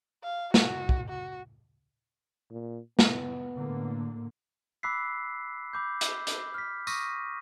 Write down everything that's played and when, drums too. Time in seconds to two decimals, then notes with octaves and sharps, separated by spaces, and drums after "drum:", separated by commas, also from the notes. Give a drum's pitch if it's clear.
0.23 F5
0.54 F#4, drum: snare
0.89 drum: kick
1.09 F#4
2.51 A#2
2.99 B3, drum: snare
3.56 A2 D3 A#3
4.83 B5 D6 E6 F#6 B6 C7
5.73 B5 D6 G6
6.01 drum: hi-hat
6.27 drum: hi-hat
6.54 F6 B6
6.87 C#6 D#6 A#6 B6 D#7, drum: tambourine